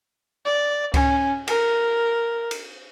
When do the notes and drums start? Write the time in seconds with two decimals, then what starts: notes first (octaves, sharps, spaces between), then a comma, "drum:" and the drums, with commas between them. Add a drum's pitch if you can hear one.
0.45 D5
0.94 C#4, drum: kick C#2, cymbal
1.47 A#4, drum: cymbal
2.51 drum: cymbal